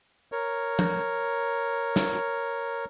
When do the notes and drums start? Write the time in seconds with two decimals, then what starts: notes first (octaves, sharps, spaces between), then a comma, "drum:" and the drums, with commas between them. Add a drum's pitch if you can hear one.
0.32 A#4 C#5
0.79 drum: tom
1.96 drum: snare